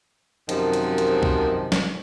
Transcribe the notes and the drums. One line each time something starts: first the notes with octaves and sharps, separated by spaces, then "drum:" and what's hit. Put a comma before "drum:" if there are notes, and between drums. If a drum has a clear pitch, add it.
F#2 C3 D#3 F3, drum: hi-hat
drum: hi-hat
drum: hi-hat
drum: kick C2
drum: snare